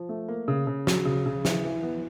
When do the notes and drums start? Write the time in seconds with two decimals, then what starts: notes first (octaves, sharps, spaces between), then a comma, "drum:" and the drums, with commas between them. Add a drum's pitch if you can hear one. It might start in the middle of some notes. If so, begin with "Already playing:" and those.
Already playing: F3
0.09 A3
0.28 A#3
0.48 C#3
0.67 C#3
0.87 F#3, drum: snare
1.05 C#3
1.26 C#3
1.45 E3, drum: snare
1.64 E3
1.83 B3